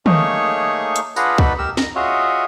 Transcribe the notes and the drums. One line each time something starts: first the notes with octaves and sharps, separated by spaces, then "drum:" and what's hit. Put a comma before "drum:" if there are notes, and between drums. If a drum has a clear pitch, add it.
A3 A#3 D#4 G#4 C#5 C#6, drum: tom
drum: hi-hat
D4 F4 G#4 B4 F#5 A#5, drum: tambourine
D#4 F#4 A4 B4 D5 B5, drum: kick
G4 A#4 E6
A#5, drum: snare
F4 F#4 G#4 C#5 D#5 E5